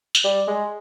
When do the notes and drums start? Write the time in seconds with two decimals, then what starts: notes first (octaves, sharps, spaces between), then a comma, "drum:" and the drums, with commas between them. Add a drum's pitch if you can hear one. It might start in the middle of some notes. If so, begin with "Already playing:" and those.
0.15 drum: tambourine
0.24 G3
0.48 G#3